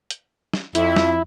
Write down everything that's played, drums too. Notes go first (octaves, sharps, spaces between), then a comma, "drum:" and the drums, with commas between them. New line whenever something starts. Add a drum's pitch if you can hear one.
drum: hi-hat
drum: snare
F2 E4 E5, drum: hi-hat
drum: snare